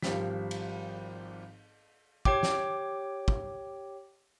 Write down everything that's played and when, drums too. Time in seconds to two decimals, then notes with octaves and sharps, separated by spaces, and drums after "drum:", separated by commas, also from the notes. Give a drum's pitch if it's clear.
0.02 G#1 F3 G3 B6, drum: snare
0.51 drum: cymbal
2.25 G4 C#5 G5 D6, drum: kick
2.43 drum: snare
3.28 drum: kick